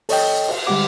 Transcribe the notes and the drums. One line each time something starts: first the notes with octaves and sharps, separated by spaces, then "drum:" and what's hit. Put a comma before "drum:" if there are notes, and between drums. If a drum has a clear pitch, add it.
A4 C#5 D#5 G5, drum: open hi-hat
drum: cymbal
D3 G3 G#3 G4 F#5 D6